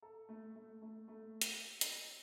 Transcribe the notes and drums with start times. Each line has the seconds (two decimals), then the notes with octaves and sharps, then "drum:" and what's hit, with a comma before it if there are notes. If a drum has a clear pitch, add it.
0.02 A4
0.29 A3
0.55 A3
0.82 A3
1.08 A3
1.41 drum: hi-hat
1.81 drum: hi-hat